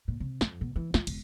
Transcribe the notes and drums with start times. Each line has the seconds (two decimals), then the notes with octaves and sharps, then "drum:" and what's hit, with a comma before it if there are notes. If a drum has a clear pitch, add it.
0.08 A#2
0.20 C3
0.41 F2, drum: snare
0.61 B2
0.76 E3
0.94 F4, drum: snare
1.07 E1, drum: cymbal